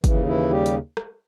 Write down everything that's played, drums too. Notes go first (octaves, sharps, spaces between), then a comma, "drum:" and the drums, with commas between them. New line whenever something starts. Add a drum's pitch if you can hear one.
D#2 C#3 E3, drum: kick, hi-hat
E3 E4
G3 G4
drum: hi-hat
drum: rim click